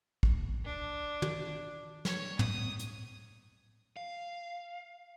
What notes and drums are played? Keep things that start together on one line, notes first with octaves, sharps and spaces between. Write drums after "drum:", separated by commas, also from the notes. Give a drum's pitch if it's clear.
drum: kick
D4
drum: tom
C#5, drum: snare
D#6, drum: tom
drum: hi-hat
F5